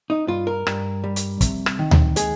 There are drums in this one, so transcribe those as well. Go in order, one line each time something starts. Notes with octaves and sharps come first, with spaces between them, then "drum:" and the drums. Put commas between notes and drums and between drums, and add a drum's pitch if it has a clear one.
D#4
G2 F4
A#4
G2, drum: rim click
G3
drum: hi-hat
C3, drum: kick, hi-hat
drum: rim click
D#3
drum: tom D2
G#3 G#4, drum: hi-hat